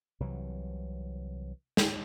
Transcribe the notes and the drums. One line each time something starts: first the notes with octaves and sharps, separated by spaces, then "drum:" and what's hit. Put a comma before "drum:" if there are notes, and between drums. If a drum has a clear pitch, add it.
C2 C3 E3 F#3
drum: snare